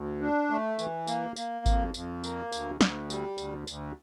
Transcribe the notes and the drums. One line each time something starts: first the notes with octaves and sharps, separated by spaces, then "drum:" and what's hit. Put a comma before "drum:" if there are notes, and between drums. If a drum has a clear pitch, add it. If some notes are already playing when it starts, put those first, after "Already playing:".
Already playing: D2
D4
A3
E3, drum: tambourine
A#3, drum: tambourine
A#3, drum: tambourine
F2, drum: kick G#1, tambourine
F2, drum: tambourine
A#3, drum: tambourine
D2, drum: tambourine
D2, drum: snare
G3, drum: tambourine
D2, drum: tambourine
D2, drum: tambourine